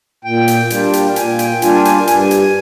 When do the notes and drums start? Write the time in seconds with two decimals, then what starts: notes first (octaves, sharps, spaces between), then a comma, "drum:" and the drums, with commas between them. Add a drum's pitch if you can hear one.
0.24 A#2 G5
0.48 drum: hi-hat
0.70 G3 A#3 D4 F4, drum: hi-hat
0.93 drum: hi-hat
1.16 A#2 G#5, drum: hi-hat
1.39 G5, drum: hi-hat
1.62 G3 A#3 D4 F4 G#5, drum: hi-hat
1.85 G#5, drum: hi-hat
2.07 G2 G#5, drum: hi-hat
2.31 drum: hi-hat